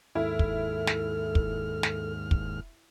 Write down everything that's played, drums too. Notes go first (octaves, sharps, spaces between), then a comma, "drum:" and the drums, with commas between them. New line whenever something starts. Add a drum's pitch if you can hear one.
D#2 G#2 E4 A4 F6
drum: kick
drum: snare
drum: kick
drum: snare
drum: kick